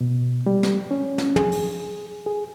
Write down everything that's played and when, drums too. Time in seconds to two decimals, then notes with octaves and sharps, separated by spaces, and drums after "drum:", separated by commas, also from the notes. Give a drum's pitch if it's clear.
0.01 B2
0.46 G3
0.63 drum: snare
0.91 C#4
1.18 drum: snare
1.36 G#4, drum: tom
1.52 drum: open hi-hat
2.26 G#4